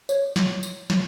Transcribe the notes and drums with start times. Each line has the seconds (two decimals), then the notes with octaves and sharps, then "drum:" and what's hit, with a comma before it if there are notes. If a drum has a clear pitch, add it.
0.09 C#5, drum: tambourine
0.36 drum: snare
0.63 drum: tambourine
0.90 drum: snare